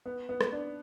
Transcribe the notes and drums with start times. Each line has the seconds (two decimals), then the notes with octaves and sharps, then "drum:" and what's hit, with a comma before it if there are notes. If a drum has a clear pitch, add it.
0.06 B3
0.29 B3
0.41 drum: rim click
0.52 D4